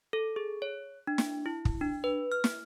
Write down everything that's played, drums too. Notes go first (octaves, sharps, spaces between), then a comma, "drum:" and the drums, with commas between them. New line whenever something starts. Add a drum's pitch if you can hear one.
A4
G#4
C#5
D4
drum: snare
E4
drum: kick
D4
B4
F6
drum: snare